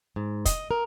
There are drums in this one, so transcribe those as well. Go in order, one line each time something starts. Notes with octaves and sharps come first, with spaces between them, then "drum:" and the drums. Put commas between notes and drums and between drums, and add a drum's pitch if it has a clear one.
G#2
D#5, drum: kick, hi-hat
A#4